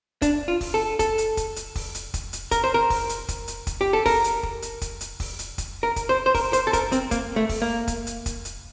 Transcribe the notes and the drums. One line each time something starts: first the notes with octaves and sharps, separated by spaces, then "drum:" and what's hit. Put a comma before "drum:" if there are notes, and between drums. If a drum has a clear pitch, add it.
D4, drum: kick, hi-hat
F4
drum: kick, open hi-hat
A4
A4, drum: kick, hi-hat
drum: hi-hat
drum: kick, hi-hat
drum: hi-hat
drum: kick, open hi-hat
drum: hi-hat
drum: kick, hi-hat
drum: hi-hat
A#4, drum: kick, hi-hat
C5
A#4
drum: kick, open hi-hat
drum: hi-hat
drum: kick, hi-hat
drum: hi-hat
drum: kick, hi-hat
G4
A4
A#4, drum: kick, open hi-hat
drum: hi-hat
drum: kick
drum: hi-hat
drum: kick, hi-hat
drum: hi-hat
drum: kick, open hi-hat
drum: hi-hat
drum: kick, hi-hat
A#4
drum: kick, hi-hat
C5
C5
A#4, drum: kick, open hi-hat
C5, drum: hi-hat
A4
A#4, drum: kick, hi-hat
C4, drum: hi-hat
A#3, drum: kick, hi-hat
A3
drum: kick, open hi-hat
A#3
drum: kick, hi-hat
drum: hi-hat
drum: kick, hi-hat
drum: hi-hat